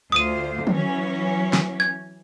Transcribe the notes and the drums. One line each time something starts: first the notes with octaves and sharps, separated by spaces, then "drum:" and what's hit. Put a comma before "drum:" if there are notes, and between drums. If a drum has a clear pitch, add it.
D2 F4 C5 D#6 D#7
E3 F#3 C#4, drum: tom
drum: snare
G#6